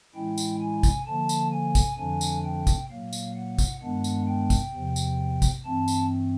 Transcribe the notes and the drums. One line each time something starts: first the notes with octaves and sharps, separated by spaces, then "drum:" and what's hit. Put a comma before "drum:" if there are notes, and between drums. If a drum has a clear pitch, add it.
A2 E3 G#3 C#4 E4 G5
drum: tambourine
G#5
drum: kick, tambourine
D3 F3 A#3 A5
drum: tambourine
G#5
drum: kick, tambourine
F2 D3 F3 A3 D4 G#5
drum: tambourine
G5
drum: kick, tambourine
A#2 F#3 A#3 F5
drum: tambourine
F#5
drum: kick, tambourine
G2 D#3 G#3 B3 D4 F#5
drum: tambourine
G5
drum: kick, tambourine
E2 C3 F3
drum: tambourine
drum: kick, tambourine
G2 E3 A3 C4 A5
drum: tambourine